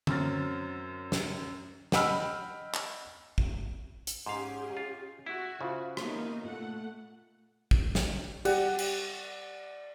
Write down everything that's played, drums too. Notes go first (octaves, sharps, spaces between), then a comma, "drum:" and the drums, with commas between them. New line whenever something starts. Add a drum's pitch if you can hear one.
F#2 F#3 C4 A#5 F6 A6, drum: tom D3
drum: snare
D#5 F#5 G5 B5 E6 F6, drum: snare
drum: clap
drum: kick
drum: hi-hat
G#2 C#4 G4 G#4 F5 C6
F4
E4 F#4
C#3 E4 F4 C5
A#3 B3 D#4, drum: rim click
A#2 A3 F#5
drum: kick
drum: snare
G4 D5 F#5, drum: cymbal
drum: cymbal